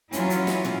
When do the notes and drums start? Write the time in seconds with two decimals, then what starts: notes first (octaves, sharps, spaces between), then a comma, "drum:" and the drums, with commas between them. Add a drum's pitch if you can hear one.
0.12 E3 F#3 C#4 E4 F4, drum: hi-hat
0.30 drum: hi-hat
0.47 drum: snare
0.64 drum: tom